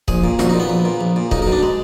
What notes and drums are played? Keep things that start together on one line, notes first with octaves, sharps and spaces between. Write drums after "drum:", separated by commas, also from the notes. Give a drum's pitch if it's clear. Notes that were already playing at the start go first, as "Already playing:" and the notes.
A#1 G#4, drum: kick
A#2
A#1 F#4, drum: snare
D#4
A#2
B3
A#1
A#2
A#1
A#2
B1 D#4, drum: kick
D#4
B2
D4
G#3